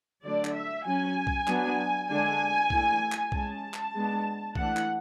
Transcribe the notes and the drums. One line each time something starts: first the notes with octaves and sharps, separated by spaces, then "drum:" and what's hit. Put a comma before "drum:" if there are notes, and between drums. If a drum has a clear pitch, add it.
D3 F#3 A3 D4 D5
drum: clap
E5
F#3 C#4 G#5
drum: kick B1
F#3 B3 D4, drum: clap
D3 G#3 D4 G#5
E3 A3 D4, drum: kick B1
drum: clap
G#3 C#4 A5, drum: kick B1
drum: clap
G#3 B3 D4
E3 A3 D4 F#5, drum: kick B1
drum: clap